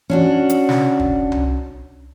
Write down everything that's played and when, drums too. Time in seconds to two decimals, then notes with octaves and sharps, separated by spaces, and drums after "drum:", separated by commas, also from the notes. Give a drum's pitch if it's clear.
0.10 C#4 D4 F#4
0.49 drum: hi-hat
0.69 drum: snare
1.00 drum: kick
1.32 drum: tom C2